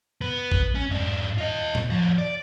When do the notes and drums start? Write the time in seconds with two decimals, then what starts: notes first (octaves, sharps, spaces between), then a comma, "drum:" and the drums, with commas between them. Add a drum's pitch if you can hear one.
0.21 B3
0.52 drum: kick
0.75 C#4
0.90 G#2 D4
1.38 F4 D#5
1.75 drum: tom A#2
1.90 F3 F#4
2.18 D5